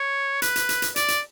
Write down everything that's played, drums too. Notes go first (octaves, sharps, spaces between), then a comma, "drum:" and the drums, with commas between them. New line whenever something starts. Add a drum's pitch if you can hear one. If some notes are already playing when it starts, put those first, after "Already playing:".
Already playing: C#5
B4, drum: hi-hat
drum: hi-hat
drum: hi-hat
drum: hi-hat
D5, drum: hi-hat
drum: hi-hat